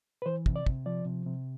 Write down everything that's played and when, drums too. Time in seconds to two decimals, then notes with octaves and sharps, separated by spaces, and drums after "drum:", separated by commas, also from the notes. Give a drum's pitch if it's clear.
0.22 B4
0.26 E3 C5
0.46 C3, drum: kick
0.56 D5
0.66 C3, drum: kick
0.86 F3 D5
1.06 C3
1.26 C3